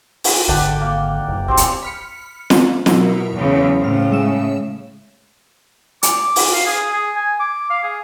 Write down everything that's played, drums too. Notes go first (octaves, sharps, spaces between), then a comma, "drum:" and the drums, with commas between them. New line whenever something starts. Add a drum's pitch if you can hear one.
drum: open hi-hat
G#1 D3 D5 F#5 G5
A#3
F#1
D1 G#1 C4 G4 C5
drum: hi-hat
B5 F6 C#7
drum: snare
B2 F#3 E4 A#4, drum: snare
E2 C#3
A2 C#3 C5 F6
G#3 E5 E7
D6, drum: hi-hat
drum: open hi-hat
F5
G#4
G#4
G#5
D6
F5
G#4